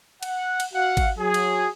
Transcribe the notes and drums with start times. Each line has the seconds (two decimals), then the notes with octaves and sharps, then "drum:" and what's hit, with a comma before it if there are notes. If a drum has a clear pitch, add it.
0.23 F#5, drum: cymbal
0.60 drum: cymbal
0.74 F#4 F5 F#5
0.97 drum: kick G#1, cymbal
1.19 F#3 G#4
1.34 drum: cymbal